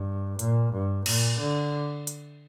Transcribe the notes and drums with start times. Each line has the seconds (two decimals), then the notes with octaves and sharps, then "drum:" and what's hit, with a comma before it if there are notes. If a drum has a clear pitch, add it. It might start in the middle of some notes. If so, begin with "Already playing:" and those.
Already playing: G2
0.39 A#2, drum: hi-hat
0.73 G2
1.06 A#2, drum: cymbal
1.40 D3
2.07 drum: hi-hat